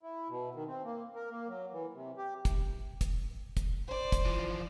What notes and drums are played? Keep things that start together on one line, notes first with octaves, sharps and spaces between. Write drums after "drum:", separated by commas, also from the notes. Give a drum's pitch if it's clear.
E4
B2
D#3
C4
A#3
A#4
A#3
F#3
E3
C3
G4
drum: kick, hi-hat
drum: kick, hi-hat
drum: kick, hi-hat
C5 D5
drum: kick, hi-hat
E3 F3